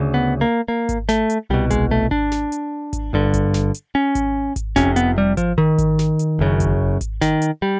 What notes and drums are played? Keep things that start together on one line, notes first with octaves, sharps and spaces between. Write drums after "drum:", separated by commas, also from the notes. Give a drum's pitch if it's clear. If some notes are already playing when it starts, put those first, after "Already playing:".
Already playing: D2 C#3
B3
A#3
A#3
drum: kick G#1, hi-hat
A3, drum: snare
drum: hi-hat
C2 B2 G3
G#3, drum: kick G#1, hi-hat
A3
D4, drum: kick G#1
drum: snare
drum: hi-hat
drum: kick G#1, hi-hat
G1 G2 D3
drum: kick G#1, hi-hat
drum: snare
drum: hi-hat
C#4
drum: kick G#1, hi-hat
drum: kick G#1, hi-hat
F1 F2 C3 C#4, drum: snare
B3, drum: hi-hat
G3
F3, drum: kick G#1, hi-hat
D#3
drum: kick G#1, hi-hat
drum: snare
drum: hi-hat
F#1 F#2 C#3
drum: kick G#1, hi-hat
drum: kick G#1, hi-hat
D#3, drum: snare
drum: hi-hat
G3